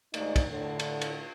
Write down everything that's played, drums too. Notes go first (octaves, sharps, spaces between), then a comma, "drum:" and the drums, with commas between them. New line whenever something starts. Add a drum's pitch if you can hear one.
D#2 G#2 A3 D#4 D5 D#5, drum: cymbal
drum: kick, cymbal
A2 D3
drum: cymbal
drum: cymbal